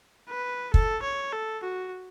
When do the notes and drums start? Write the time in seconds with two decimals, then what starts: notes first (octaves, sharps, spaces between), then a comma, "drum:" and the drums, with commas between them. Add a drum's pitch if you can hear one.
0.30 B4
0.74 A4, drum: kick
1.03 C#5
1.33 A4
1.64 F#4